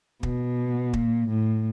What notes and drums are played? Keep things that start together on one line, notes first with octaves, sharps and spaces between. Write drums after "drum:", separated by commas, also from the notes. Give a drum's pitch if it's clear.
B2, drum: kick
A#2, drum: kick
A2